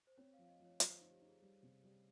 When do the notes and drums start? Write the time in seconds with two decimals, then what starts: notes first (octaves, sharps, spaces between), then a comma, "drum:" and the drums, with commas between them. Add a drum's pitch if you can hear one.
0.07 C5
0.17 C4 C#5
0.33 F5
0.38 F3
0.44 F5
0.49 D#5
0.60 F3
0.65 C#5
0.80 F3 C5, drum: hi-hat
0.95 C5
1.01 D#4
1.11 G4
1.21 D#4
1.27 G#4
1.42 G3
1.63 C3
1.84 G3